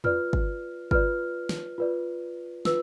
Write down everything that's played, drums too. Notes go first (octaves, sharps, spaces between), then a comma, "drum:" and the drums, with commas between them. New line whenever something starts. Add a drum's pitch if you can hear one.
F4 B4 D5 F6, drum: tom E2
drum: kick
F4 B4 D5 F6, drum: kick
drum: snare
F4 B4 D5
F4 B4 E6, drum: snare